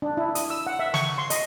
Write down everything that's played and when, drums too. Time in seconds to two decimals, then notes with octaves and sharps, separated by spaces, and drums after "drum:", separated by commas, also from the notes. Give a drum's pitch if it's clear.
0.02 D4
0.17 E4
0.35 D#6, drum: hi-hat
0.50 E6
0.67 F#5
0.79 E5
0.94 C#6, drum: snare
1.18 C6
1.30 D#5, drum: hi-hat